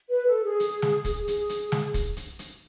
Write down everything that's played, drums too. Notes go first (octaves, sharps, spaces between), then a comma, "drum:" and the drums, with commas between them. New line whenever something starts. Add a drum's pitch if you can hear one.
B4
A4
G#4
drum: hi-hat
drum: snare
drum: kick, hi-hat
G#4, drum: hi-hat
drum: hi-hat
drum: snare
drum: kick, hi-hat
drum: hi-hat
drum: hi-hat